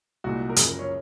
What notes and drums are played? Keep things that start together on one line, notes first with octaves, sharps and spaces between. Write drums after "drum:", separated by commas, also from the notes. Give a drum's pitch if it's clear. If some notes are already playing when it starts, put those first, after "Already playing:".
C2 A#2 G#3 F#4
A#4
F#2 C#3 F3 G#4, drum: hi-hat
A#4
C#4